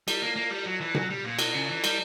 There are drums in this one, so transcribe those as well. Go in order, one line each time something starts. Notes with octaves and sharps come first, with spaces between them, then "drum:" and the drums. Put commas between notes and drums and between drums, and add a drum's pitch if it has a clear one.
G3, drum: cymbal
A#3
A#3
G3
F#3
E3
F#3, drum: tom B2
G3
A#2
B2, drum: cymbal
C#3
E3
G3, drum: cymbal